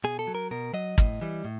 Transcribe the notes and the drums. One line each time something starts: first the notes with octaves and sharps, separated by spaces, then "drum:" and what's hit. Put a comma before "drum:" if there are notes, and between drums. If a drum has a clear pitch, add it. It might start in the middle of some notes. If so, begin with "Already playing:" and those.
B2 G#4
A4
F#3
A#4
B2 A#4
F#3 D#5
A2, drum: kick
E3 G3
A2